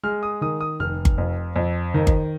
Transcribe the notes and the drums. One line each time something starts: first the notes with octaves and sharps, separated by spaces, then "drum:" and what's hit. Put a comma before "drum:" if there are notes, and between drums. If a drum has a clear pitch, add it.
G#3 F6
D#6
D#3 D#6
D#6
F1 F6
drum: kick G1
F2
F2
D#3
drum: kick G1